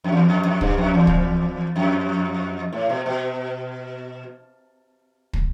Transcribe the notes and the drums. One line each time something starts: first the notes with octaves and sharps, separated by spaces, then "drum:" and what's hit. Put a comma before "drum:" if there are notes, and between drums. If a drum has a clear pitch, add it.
F2
E2
F2
F2
G2, drum: kick
F2
E2
drum: kick
F2
A2
B2
B2
drum: kick